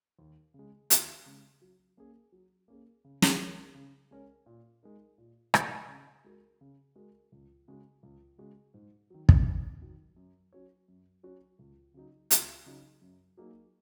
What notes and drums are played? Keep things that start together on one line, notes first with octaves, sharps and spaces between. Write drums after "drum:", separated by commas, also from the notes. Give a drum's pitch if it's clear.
D#2
C#3 G#3
D#2, drum: hi-hat
C#3 G#3
F#3
A#3 C#4 G#4
F#3
A#3 C#4 G#4
C#3
drum: snare
G#3 C#4 A#4 C#5
C#3
G#3 C#4 A#4 C#5
A#2
G#3 D#4 A#4
A#2
G#3 D#4 A#4, drum: rim click
C#3
G#3 F#4 A#4
C#3
G#3 F#4 A#4
C#2
C#3 G#3 F#4
C#2
C#3 G#3 F#4
G#2
D#3 F#3
drum: kick
G#2
D#3 F#3
F#2
F#3 C#4 F#4 C#5
F#2
F#3 C#4 F#4 C#5
C#2
C#3 F#3 D#4
C#2, drum: hi-hat
C#3 F#3 D#4
F#2
F#3 A#3 D#4 G#4